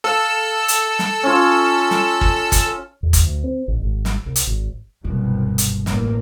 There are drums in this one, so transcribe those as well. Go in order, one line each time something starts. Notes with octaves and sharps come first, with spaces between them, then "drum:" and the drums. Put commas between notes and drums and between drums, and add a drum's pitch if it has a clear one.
A4 F5 E6
drum: hi-hat
drum: snare
C#4 F4
drum: snare
drum: kick
drum: kick, hi-hat
E2
drum: kick, hi-hat
D2
C4
A1
G#1
drum: snare
C2
drum: hi-hat
G#1
F#1 C2 G2 B2
drum: hi-hat
A1 F#2 A#3, drum: snare